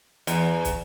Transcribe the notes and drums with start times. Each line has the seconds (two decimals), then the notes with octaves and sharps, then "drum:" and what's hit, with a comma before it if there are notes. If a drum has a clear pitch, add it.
0.27 E2, drum: hi-hat
0.65 drum: kick, hi-hat